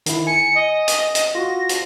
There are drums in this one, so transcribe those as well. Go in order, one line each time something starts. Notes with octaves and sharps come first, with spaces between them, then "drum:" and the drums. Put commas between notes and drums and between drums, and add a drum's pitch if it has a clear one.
D#3 E4, drum: hi-hat
G#5 C#7
D#5
drum: hi-hat
drum: hi-hat
F4 F#4 A#6
drum: hi-hat